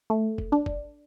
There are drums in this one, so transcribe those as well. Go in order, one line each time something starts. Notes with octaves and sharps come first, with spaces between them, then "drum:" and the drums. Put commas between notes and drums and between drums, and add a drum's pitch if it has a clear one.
A3
drum: kick
D4
drum: kick